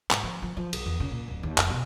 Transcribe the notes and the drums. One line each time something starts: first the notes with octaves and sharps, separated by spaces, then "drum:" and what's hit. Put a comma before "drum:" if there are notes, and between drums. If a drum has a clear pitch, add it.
G#2, drum: clap
F3
F3
F3
B1, drum: cymbal
E2
C#3
A#2
D1
D#2
F1, drum: clap
B2